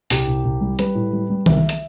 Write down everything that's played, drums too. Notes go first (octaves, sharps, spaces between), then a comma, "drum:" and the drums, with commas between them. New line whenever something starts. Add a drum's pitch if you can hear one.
C2 G4, drum: open hi-hat
C2
C2
G3
G3 B4, drum: hi-hat
A2
G3
G3
C2 E5, drum: tom D#3
drum: hi-hat